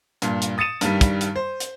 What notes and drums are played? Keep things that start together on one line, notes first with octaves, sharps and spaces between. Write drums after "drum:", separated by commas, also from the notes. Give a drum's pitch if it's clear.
G2 A#2, drum: hi-hat
drum: hi-hat
D#6 A6 C#7 D#7 E7
G2 D#3 G3, drum: hi-hat
drum: kick, hi-hat
drum: hi-hat
C5
drum: hi-hat